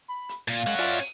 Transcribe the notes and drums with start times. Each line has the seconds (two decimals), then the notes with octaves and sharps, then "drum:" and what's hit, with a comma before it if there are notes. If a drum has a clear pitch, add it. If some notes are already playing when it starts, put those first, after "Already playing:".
0.08 B5
0.29 drum: hi-hat
0.48 A#2 F5
0.67 G#3 C#4 F#5
0.79 F4 D5 E5, drum: open hi-hat